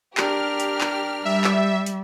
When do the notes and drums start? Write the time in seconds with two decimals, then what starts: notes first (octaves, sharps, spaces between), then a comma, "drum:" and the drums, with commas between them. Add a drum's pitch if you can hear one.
0.17 D4 G4 A#4 F6, drum: clap
0.60 drum: hi-hat
0.81 drum: clap
1.25 G3 E5
1.44 drum: clap
1.86 drum: hi-hat